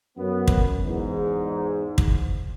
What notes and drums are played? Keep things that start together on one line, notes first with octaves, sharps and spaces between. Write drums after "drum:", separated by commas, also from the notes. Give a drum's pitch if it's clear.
F#2 B3
drum: kick
E2 G#2
drum: kick